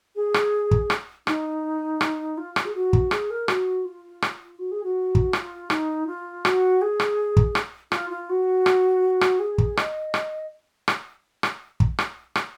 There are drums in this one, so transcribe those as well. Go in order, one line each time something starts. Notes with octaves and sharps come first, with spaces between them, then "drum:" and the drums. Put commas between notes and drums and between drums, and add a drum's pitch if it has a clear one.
G#4
drum: rim click
drum: kick
drum: rim click
D#4, drum: rim click
drum: rim click
F4
drum: rim click
G#4
F#4
drum: kick
G#4, drum: rim click
A#4
F#4, drum: rim click
F4
drum: rim click
F#4
G#4
F#4
drum: kick
F4, drum: rim click
D#4, drum: rim click
F4
F#4, drum: rim click
G#4
drum: rim click
drum: kick
drum: rim click
F4, drum: rim click
F4
F#4
drum: rim click
drum: rim click
G#4
drum: kick
D#5, drum: rim click
drum: rim click
drum: rim click
drum: rim click
drum: kick
drum: rim click
drum: rim click